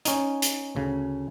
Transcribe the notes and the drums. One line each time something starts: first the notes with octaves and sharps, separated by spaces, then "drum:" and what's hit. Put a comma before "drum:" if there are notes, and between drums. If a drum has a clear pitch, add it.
C#4 D#4, drum: hi-hat
drum: hi-hat
D2 C#3